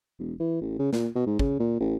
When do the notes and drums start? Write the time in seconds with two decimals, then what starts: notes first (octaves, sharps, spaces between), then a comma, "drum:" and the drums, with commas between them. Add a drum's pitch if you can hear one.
0.19 E1
0.40 E3
0.61 A1
0.79 C#3
0.93 A#2, drum: snare
1.15 B2
1.26 G#2
1.39 C#3, drum: kick
1.60 A#2
1.80 A1